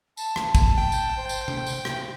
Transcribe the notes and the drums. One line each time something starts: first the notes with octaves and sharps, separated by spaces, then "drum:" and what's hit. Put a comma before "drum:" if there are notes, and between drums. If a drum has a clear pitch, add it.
A5, drum: tambourine
drum: rim click
drum: kick, tambourine
G5
drum: tambourine
C5
drum: tambourine
drum: tom C3
drum: tambourine
drum: rim click